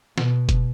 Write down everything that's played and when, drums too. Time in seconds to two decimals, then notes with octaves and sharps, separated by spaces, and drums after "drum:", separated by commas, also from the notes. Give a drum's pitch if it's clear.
0.18 B2, drum: snare
0.49 drum: kick F1, hi-hat